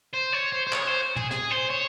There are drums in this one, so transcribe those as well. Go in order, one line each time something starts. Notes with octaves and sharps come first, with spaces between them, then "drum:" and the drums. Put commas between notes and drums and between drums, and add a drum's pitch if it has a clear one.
C5
C#5
C5
C5
C#5, drum: clap
C5
G#4, drum: tom
G#4, drum: snare
C5
C#5